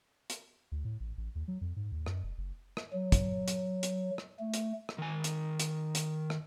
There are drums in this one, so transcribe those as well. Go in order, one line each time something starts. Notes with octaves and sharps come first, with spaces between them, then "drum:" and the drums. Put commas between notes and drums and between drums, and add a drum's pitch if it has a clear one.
drum: hi-hat
D2
A2
A1
A1
D#2
F#3
F2
G#2
D#2
F#2, drum: rim click
F1
F#1
drum: rim click
F#3
drum: kick, hi-hat
drum: hi-hat
drum: hi-hat
drum: rim click
A3
drum: hi-hat
drum: rim click
D#3 G#5
drum: hi-hat
drum: hi-hat
drum: hi-hat
drum: rim click